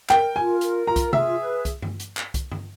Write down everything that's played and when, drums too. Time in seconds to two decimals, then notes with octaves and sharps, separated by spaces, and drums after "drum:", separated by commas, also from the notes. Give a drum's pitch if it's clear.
0.09 A#4 G5, drum: clap
0.36 F4 G#5
0.61 A#4, drum: hi-hat
0.87 F4 A#5
0.96 drum: kick, hi-hat
1.13 G#4 E5, drum: tom C3
1.39 B4
1.65 drum: kick, hi-hat
1.82 drum: tom F#2
2.00 drum: hi-hat
2.17 drum: clap
2.34 drum: kick, hi-hat
2.52 drum: tom F#2